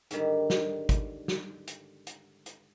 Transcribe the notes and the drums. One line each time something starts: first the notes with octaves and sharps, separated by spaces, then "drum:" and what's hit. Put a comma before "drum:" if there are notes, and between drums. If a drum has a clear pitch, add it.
G#2 D3 D#3 G3, drum: hi-hat
drum: snare
drum: kick G#1, hi-hat
drum: snare
drum: hi-hat
drum: hi-hat
drum: hi-hat